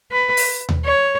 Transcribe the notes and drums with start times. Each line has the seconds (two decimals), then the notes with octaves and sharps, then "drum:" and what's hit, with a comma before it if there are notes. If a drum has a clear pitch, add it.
0.11 B4
0.37 drum: open hi-hat
0.69 drum: tom D#2
0.85 C#5